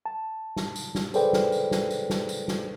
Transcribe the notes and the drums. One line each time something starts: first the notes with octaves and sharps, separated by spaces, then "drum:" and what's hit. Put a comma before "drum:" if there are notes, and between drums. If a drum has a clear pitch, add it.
A5
drum: snare
drum: tambourine
drum: snare
G#4 A4 B4 C5 D5 G5, drum: tambourine
drum: snare
drum: tambourine
drum: snare
drum: tambourine
drum: snare
drum: tambourine
drum: snare